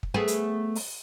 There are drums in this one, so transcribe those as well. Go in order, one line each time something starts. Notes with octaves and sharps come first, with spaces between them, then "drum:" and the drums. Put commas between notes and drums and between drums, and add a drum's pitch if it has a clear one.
drum: kick
A3 B3 G#4
drum: hi-hat
drum: open hi-hat